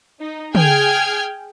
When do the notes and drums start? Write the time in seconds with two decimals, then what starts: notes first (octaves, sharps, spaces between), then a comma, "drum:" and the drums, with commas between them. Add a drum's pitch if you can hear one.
0.20 D#4
0.55 G#4 G5 F6 G#6, drum: tom